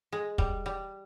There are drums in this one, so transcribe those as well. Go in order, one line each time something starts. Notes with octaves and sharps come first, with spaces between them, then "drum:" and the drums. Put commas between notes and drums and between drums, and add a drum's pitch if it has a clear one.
G#3
G3, drum: kick
G3